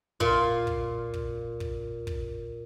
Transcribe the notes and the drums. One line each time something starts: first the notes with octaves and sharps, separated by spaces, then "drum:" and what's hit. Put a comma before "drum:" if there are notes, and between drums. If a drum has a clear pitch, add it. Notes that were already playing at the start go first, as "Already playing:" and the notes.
A#2 F4, drum: kick
drum: kick
drum: kick
drum: kick
drum: kick